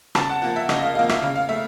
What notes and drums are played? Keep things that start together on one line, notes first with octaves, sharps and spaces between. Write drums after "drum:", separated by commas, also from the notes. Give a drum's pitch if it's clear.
C#3 A5, drum: rim click
F#5
F3 A#3 F#5
E5
C#3 D#5, drum: rim click
F5
F3 A#3 F5
E5, drum: rim click
C#3 F5
F5
A3 E5